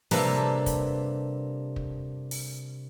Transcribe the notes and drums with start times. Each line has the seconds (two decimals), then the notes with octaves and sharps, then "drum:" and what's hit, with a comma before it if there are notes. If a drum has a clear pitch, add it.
0.11 C3 G3 A#3 D4 A4 B4, drum: open hi-hat
0.66 drum: kick, hi-hat
1.76 drum: kick
2.31 drum: open hi-hat